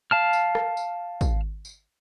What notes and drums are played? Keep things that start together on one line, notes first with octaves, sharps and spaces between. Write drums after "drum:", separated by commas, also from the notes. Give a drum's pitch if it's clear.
F5 A5 F6
drum: tambourine
drum: rim click
drum: tambourine
drum: kick, tambourine
drum: tambourine